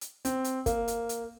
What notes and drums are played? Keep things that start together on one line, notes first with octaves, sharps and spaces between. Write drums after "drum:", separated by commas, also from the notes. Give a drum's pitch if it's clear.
drum: hi-hat
C4, drum: hi-hat
drum: hi-hat
A#3, drum: kick, hi-hat
drum: hi-hat
drum: hi-hat